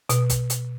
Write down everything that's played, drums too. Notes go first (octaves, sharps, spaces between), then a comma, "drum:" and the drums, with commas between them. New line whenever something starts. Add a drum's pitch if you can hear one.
B2, drum: hi-hat
drum: kick, hi-hat
drum: hi-hat